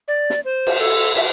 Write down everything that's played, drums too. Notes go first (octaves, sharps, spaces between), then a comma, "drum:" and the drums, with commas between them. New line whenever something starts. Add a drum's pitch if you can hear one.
D5
drum: snare
C5
drum: cymbal
A4
E5, drum: cymbal